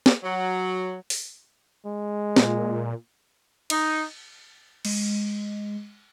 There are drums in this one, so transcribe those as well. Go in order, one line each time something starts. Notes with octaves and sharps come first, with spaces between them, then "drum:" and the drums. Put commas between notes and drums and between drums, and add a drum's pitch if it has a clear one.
drum: snare
F#3
drum: open hi-hat
G#3
A#2, drum: snare
D#4, drum: cymbal
G#3, drum: cymbal